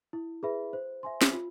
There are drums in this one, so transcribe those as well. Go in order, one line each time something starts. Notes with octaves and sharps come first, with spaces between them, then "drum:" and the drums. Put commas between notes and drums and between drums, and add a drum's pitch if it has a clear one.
E4
G#4 B4 E5 B5
C5
E5 G#5 C6
drum: snare
F4